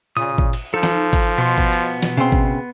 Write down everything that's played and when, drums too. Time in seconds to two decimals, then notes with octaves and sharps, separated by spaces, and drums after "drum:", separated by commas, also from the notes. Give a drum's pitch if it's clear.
0.17 A#2 C#3 D#6
0.38 drum: kick G#1
0.53 drum: cymbal
0.74 F3 D#4 A4
0.83 drum: snare
1.13 drum: kick G#1, cymbal
1.38 B2 B3 C6
1.58 drum: kick G#1
1.73 drum: cymbal
2.02 drum: snare
2.17 C#3 C4
2.32 drum: kick G#1